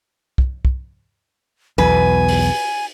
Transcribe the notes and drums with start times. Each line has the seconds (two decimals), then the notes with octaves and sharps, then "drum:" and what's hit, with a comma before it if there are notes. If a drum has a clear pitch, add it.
0.38 drum: kick
0.65 drum: kick
1.78 B1 E2 B2 B4 G#5
2.28 drum: open hi-hat